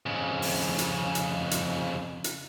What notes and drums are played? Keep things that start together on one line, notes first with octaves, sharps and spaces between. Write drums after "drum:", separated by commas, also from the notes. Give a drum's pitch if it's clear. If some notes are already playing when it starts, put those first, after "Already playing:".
F2 C#3
drum: open hi-hat
drum: hi-hat
drum: hi-hat
drum: hi-hat
drum: hi-hat